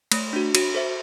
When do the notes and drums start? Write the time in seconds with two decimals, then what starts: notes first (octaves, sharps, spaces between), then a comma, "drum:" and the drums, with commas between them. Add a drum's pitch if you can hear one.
0.12 A3, drum: cymbal
0.33 D4 F#4
0.55 F#4, drum: cymbal
0.74 A4 C5 E5